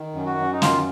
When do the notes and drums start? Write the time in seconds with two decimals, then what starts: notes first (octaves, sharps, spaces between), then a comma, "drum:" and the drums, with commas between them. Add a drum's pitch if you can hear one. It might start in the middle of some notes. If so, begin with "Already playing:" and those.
Already playing: D#3
0.15 F#2
0.26 F#4
0.38 F#2
0.53 D#4
0.62 D#3 F4, drum: snare